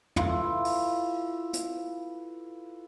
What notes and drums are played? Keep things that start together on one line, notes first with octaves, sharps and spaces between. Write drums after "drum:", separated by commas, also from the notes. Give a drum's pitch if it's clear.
E4 F4 A4 B4, drum: tom
drum: open hi-hat
drum: hi-hat